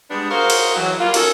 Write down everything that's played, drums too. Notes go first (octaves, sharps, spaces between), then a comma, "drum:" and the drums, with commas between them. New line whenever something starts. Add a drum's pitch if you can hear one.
G3 G#3 B3 D4
F#4 G#4 A#4 C5 F5
drum: cymbal
E3 F#3
F#3 G3 A#3 F4
C#4 D#4 F#4 A4 A#4, drum: cymbal